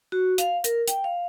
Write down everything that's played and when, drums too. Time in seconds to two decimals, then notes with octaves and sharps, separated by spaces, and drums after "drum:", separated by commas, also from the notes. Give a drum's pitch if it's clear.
0.12 F#4
0.38 F5, drum: hi-hat
0.64 A#4, drum: hi-hat
0.88 G5, drum: hi-hat
1.04 F5